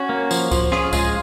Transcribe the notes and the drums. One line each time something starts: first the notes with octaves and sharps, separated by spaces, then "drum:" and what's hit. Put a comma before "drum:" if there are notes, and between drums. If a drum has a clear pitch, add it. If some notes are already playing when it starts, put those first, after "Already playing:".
Already playing: C#4 F#4
A#3
F3, drum: tambourine
F3, drum: kick C#2, tambourine
C#4 F4 G#4, drum: rim click
G#3 F4 G#4, drum: kick C#2, tambourine